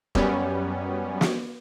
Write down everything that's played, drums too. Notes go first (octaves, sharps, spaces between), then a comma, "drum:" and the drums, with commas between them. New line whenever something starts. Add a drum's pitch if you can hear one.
F#2 G3 B3 C#4, drum: kick E1
drum: snare